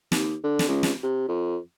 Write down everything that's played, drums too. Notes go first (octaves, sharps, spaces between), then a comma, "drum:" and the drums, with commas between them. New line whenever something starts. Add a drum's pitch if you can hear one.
D#2, drum: snare
D3
drum: snare
C#2
drum: snare
C3
F2